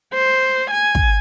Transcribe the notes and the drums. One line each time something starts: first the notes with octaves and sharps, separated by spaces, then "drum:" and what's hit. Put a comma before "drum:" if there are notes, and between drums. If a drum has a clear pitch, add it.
C5
G#5
drum: kick